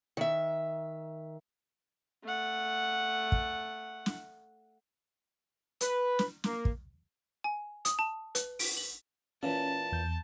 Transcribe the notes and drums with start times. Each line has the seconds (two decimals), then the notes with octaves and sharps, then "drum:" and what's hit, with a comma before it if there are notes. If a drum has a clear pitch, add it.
0.17 D#3 E5
2.23 A3 F#5
3.32 drum: kick
4.06 drum: snare
5.81 B4, drum: hi-hat
6.19 drum: snare
6.44 A#3, drum: snare
6.65 drum: kick
7.44 G#5
7.85 D#6, drum: hi-hat
7.99 A5
8.35 B4, drum: hi-hat
8.59 D7, drum: open hi-hat
8.77 F#7
9.43 A#2 E3 C#4 A5
9.92 E2 G6